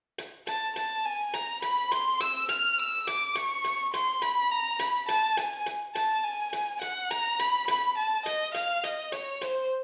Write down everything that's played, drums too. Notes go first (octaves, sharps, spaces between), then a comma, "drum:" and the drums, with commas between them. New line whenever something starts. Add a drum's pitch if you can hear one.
drum: hi-hat
A5, drum: hi-hat
A5, drum: hi-hat
G#5
A#5, drum: hi-hat
B5, drum: hi-hat
C6, drum: hi-hat
E6, drum: hi-hat
F6, drum: hi-hat
E6
D6, drum: hi-hat
C#6, drum: hi-hat
drum: hi-hat
C6, drum: hi-hat
B5, drum: hi-hat
A#5
B5, drum: hi-hat
A5, drum: hi-hat
G#5, drum: hi-hat
drum: hi-hat
A5, drum: hi-hat
G#5
drum: hi-hat
F#5, drum: hi-hat
A#5, drum: hi-hat
B5, drum: hi-hat
B5, drum: hi-hat
A5
D#5, drum: hi-hat
F5, drum: hi-hat
D#5, drum: hi-hat
C#5, drum: hi-hat
C5, drum: hi-hat